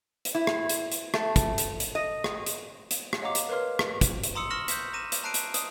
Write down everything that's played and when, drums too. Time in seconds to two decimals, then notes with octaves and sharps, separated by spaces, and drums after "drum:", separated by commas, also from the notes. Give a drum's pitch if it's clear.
0.25 drum: hi-hat
0.35 E4
0.47 drum: rim click
0.69 drum: hi-hat
0.92 drum: hi-hat
1.14 A3, drum: rim click
1.36 drum: kick, hi-hat
1.58 drum: hi-hat
1.80 drum: hi-hat
1.95 D#5
2.24 drum: rim click
2.46 drum: hi-hat
2.91 drum: hi-hat
3.13 drum: rim click
3.22 C#5 D#5 F5 F#5 A#5 D6
3.35 drum: hi-hat
3.49 A#4 B4 C#5 F5 C6 F6
3.79 drum: rim click
4.01 drum: kick, hi-hat
4.23 drum: hi-hat
4.35 A#5 C6 D#6 E6 C#7
4.50 C#6 F6 A#6 E7 F#7
4.68 G6 B6, drum: hi-hat
4.93 A#5 D6 A#6 D#7 E7
5.12 drum: hi-hat
5.24 A5 A#5 F#6 C7 D7 D#7
5.34 drum: hi-hat
5.54 D#6, drum: hi-hat